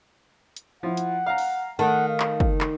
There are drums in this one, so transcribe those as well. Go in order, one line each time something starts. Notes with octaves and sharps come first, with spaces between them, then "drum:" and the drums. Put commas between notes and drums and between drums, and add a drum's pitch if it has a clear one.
drum: hi-hat
F3 E4 F#5
drum: hi-hat
F5 A#5
drum: open hi-hat
D#3 A3 F#5 A5
F5
drum: clap
drum: kick
drum: clap